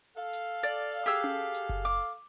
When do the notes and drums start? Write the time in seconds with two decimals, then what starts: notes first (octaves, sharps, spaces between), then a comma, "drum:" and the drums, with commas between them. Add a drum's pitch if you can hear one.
0.16 A4 F5
0.33 drum: hi-hat
0.63 D5, drum: hi-hat
0.94 drum: open hi-hat
1.06 G4 G#4 E6
1.24 drum: tom C#4
1.54 drum: hi-hat
1.69 drum: kick F#1
1.85 D6, drum: open hi-hat